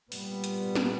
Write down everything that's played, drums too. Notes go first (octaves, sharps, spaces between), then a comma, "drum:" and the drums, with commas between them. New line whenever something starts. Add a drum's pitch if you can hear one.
A#2 G3 B3, drum: open hi-hat
drum: hi-hat
drum: snare